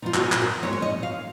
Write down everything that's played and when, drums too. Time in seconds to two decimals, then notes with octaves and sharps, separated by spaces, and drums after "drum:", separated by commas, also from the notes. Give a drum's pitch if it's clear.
0.02 A#2 F3 B3 D#4 F4
0.14 F#4, drum: clap
0.22 G#4
0.32 drum: clap
0.42 A#4
0.62 A#2 G#3 D#4 C#5
0.73 C#5
0.82 D#5
1.03 F5